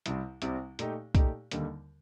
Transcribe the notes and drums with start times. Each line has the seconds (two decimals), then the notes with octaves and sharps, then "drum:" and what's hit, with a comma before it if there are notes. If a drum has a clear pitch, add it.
0.06 C2 C3 G3 C4, drum: hi-hat
0.42 C2 C3 G3 C4, drum: hi-hat
0.79 A#2 A3 D#4 G4, drum: hi-hat
1.15 A#2 A3 D#4 G4, drum: kick, hi-hat
1.51 D#2 D3 G3 A#3 D#4, drum: hi-hat